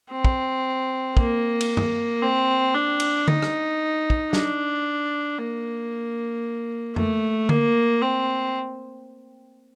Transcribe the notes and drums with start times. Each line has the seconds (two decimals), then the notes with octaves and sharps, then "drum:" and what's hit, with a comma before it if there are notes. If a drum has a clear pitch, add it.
0.11 C4
0.25 drum: kick
1.17 A#3, drum: kick
1.60 drum: cymbal
1.77 drum: tom
2.23 C4
2.75 D4
3.00 drum: cymbal
3.28 D#4, drum: tom D3
3.42 drum: rim click
4.10 drum: kick
4.33 D4, drum: snare
5.39 A#3
6.96 A3, drum: tom F2
7.49 A#3, drum: tom D3
8.02 C4